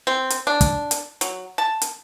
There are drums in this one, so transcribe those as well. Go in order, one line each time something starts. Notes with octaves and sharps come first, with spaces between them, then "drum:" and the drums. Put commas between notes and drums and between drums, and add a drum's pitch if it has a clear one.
C4
drum: hi-hat
D4
drum: kick, hi-hat
drum: hi-hat
F#3, drum: hi-hat
A5
drum: hi-hat